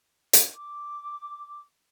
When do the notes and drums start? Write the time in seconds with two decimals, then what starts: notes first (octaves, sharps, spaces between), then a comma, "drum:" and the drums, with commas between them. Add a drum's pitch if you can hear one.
0.33 drum: hi-hat
0.54 D6